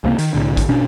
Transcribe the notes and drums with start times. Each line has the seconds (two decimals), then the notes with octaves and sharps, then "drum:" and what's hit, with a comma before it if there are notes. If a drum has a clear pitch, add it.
0.04 C#2 C3 G#3 A#3
0.18 D#3, drum: hi-hat
0.34 C2 A2 D3
0.57 drum: kick A1, hi-hat
0.69 B2 C#4 D4